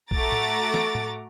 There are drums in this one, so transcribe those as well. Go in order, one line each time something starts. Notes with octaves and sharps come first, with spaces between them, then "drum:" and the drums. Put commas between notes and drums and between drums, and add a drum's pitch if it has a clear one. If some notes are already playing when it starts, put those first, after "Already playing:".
A3 F#4 A#5 D6 A6, drum: kick A#1
drum: tom A2
drum: snare
drum: tom A2